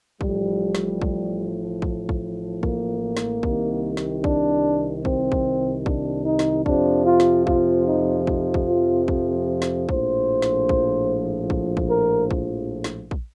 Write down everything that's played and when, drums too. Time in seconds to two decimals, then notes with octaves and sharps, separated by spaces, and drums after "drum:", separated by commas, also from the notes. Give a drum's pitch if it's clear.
0.21 A1 A2 F3 G3, drum: kick
0.75 drum: snare
1.02 drum: kick
1.82 drum: kick
2.09 drum: kick
2.63 A#3, drum: kick
3.17 drum: snare
3.43 C2 C3 D#3, drum: kick
3.97 drum: snare
4.24 D4, drum: kick
5.05 C4, drum: kick
5.32 drum: kick
5.86 D4, drum: kick
6.26 D#4
6.39 drum: snare
6.66 F2 C3 F3 D4, drum: kick
7.06 F4
7.20 drum: snare
7.47 F4, drum: kick
7.87 D#4
8.27 D#4, drum: kick
8.54 drum: kick
8.68 F4
9.08 drum: kick
9.62 drum: snare
9.89 A#1 A2 F3 C5, drum: kick
10.42 drum: snare
10.69 drum: kick
11.50 drum: kick
11.77 drum: kick
11.91 A#4
12.31 drum: kick
12.84 drum: snare
13.11 drum: kick